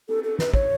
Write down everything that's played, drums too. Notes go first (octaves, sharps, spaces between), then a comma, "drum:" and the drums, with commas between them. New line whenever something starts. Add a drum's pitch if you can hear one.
A4, drum: cymbal
A4
B4, drum: snare
C#5, drum: kick